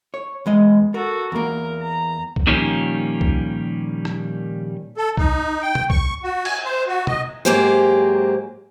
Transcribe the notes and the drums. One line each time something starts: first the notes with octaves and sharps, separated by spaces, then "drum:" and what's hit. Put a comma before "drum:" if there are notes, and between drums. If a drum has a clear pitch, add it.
C#5
E2 G#3 D#5
F#4 A4 A#4
E2 A#3 A#4
A#5
drum: kick B1
A#2 D#3 F3 G3 A#3 C#4
drum: kick B1
drum: rim click
A4
D#4, drum: kick B1
G5
drum: tom
C#6, drum: kick B1
F#4
G#5, drum: cymbal
C5
F#4
D#5, drum: tom
G#2 F#3 A#3 G4 G#4 C5